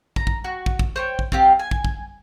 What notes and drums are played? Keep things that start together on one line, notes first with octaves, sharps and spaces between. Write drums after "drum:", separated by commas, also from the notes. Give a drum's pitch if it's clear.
A#5, drum: kick
drum: kick
F#4
drum: kick
drum: kick
C5 C#5 G5
drum: kick
C4 F4 G4, drum: kick
G#5
drum: kick
drum: kick